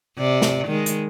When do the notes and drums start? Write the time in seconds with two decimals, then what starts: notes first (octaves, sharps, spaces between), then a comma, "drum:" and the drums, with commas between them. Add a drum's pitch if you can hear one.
0.18 C3 D5
0.42 drum: snare
0.67 D#3 G#3
0.86 drum: hi-hat